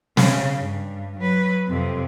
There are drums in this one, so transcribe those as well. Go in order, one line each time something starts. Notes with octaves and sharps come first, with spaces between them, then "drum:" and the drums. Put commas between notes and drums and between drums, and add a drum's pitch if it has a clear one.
C#3, drum: snare
G2
F#3 B4
F2 C3